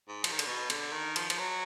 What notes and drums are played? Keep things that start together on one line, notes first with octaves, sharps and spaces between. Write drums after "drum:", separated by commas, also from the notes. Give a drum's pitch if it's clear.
G#2
F3, drum: cymbal
D#3
D3, drum: cymbal
B2
D3, drum: cymbal
D#3
F3, drum: cymbal
F3, drum: cymbal
F#3